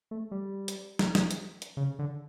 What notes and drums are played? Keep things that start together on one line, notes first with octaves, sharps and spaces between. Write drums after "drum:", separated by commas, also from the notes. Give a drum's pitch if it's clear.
A3
G3
drum: hi-hat
drum: snare
drum: snare
drum: hi-hat
drum: hi-hat
C#3
D3